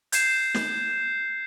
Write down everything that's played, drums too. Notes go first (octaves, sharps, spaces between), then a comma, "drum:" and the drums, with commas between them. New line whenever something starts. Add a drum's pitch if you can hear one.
G6 G#6 C7 E7, drum: hi-hat
drum: snare